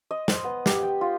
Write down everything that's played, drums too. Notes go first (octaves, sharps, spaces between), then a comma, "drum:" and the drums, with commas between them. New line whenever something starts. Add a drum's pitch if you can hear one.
D#5
C5, drum: snare
B3
G4, drum: snare
G5
F4